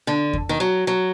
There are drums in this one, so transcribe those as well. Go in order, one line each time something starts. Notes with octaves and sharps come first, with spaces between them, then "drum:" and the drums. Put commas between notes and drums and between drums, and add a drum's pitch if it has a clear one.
D3
drum: kick E2
D#3
F#3
F#3